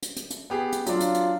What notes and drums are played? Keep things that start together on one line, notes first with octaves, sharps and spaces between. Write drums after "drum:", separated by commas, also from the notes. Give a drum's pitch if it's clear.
drum: hi-hat
drum: hi-hat
drum: hi-hat
B3 G4 G#4
drum: hi-hat
F#3 D4 F4, drum: hi-hat
drum: hi-hat
drum: hi-hat